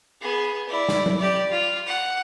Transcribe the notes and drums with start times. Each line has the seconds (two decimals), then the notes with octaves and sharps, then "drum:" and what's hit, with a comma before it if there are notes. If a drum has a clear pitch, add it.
0.21 B3 G#4
0.69 E4 D5
0.89 drum: snare
1.06 drum: tom F#3
1.18 G4 D5
1.51 F4
1.87 F#5